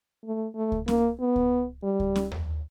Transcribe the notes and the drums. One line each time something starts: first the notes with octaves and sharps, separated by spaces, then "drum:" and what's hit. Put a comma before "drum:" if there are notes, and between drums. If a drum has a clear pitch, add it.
A3
A3
drum: kick C#2
A#3, drum: snare C#4
B3
drum: kick C#2
G3
drum: kick C#2
drum: snare C#4
drum: tom D#2